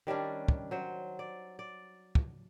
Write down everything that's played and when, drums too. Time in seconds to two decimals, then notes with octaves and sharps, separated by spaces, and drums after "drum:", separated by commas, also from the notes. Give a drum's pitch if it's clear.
0.07 D#3 G3 C#4 D4
0.48 drum: kick
0.71 F#3 C5
1.19 D5
1.59 D5
2.15 drum: kick